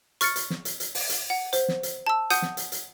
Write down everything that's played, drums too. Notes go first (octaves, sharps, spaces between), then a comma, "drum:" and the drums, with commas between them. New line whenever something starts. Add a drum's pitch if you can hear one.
C#6 F6 A6 C#7, drum: hi-hat
drum: hi-hat
drum: snare
drum: hi-hat
drum: hi-hat
drum: open hi-hat
drum: hi-hat
F#5
C5, drum: hi-hat
drum: snare
drum: hi-hat
A5 E6
F#5 D#6 G6 D#7, drum: hi-hat
drum: snare
drum: hi-hat
drum: hi-hat